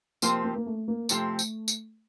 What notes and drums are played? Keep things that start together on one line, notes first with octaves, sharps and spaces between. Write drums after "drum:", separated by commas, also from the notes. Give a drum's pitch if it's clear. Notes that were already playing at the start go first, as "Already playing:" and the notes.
C3 F3 A#3 C4 G4, drum: tambourine
A#3
A#3
A3
A#3
C3 F3 A3 C4 G4, drum: tambourine
drum: tambourine
drum: tambourine